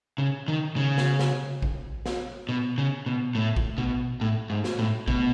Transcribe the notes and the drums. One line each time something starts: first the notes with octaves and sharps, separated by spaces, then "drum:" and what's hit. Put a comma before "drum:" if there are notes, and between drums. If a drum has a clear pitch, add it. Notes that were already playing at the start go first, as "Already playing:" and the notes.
C#3
D#3
C#3
drum: snare
drum: snare
drum: kick A#1
drum: snare
B2
C#3
B2
A2
drum: kick A#1
B2
A2
G#2
drum: snare
A2
B2, drum: kick A#1